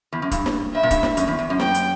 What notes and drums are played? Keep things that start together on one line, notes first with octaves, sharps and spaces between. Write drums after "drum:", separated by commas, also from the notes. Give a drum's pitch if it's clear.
E2
F#2
G2, drum: kick, hi-hat
drum: snare
G2 E5
A#2
G2, drum: kick, hi-hat
drum: snare
F#2, drum: hi-hat
E2
E2
F#2
G5, drum: snare
drum: hi-hat